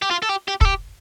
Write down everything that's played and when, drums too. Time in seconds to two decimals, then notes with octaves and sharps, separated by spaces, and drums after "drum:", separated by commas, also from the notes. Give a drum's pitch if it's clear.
0.02 G4
0.11 F4
0.22 A4
0.29 G4
0.48 G4
0.61 A4, drum: kick
0.65 G4